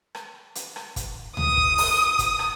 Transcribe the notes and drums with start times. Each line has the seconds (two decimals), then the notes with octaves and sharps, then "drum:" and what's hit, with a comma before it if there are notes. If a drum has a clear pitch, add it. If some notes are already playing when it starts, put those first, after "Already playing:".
0.15 drum: rim click
0.55 drum: hi-hat
0.76 drum: rim click
0.96 drum: kick, hi-hat
1.37 D#6, drum: tom D2
1.57 drum: kick
1.78 drum: open hi-hat
2.19 drum: kick, hi-hat
2.39 drum: rim click